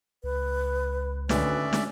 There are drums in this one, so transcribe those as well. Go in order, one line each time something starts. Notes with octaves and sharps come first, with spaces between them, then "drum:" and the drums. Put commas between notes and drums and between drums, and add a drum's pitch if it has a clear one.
C#2 B4
G#1 D2 C#4 B4 D5 E5, drum: snare
drum: snare